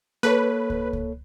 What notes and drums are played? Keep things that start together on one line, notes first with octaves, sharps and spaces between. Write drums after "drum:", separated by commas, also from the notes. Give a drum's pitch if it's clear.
A#3 A4 B4 C#5
drum: kick C#2
drum: kick C#2